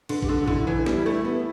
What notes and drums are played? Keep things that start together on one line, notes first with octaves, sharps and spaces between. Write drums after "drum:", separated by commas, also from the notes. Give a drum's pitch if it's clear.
D3 B4, drum: cymbal
G4, drum: kick A#1
D3 A4
D3 E4, drum: kick A#1
E3
G3, drum: snare B3
A3
B3